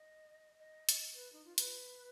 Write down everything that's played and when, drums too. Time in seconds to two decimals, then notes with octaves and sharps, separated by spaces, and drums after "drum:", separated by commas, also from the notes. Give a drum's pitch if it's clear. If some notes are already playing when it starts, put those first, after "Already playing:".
Already playing: D#5
0.58 D#5
0.89 drum: hi-hat
1.14 B4
1.33 D#4
1.45 F4
1.58 B4, drum: hi-hat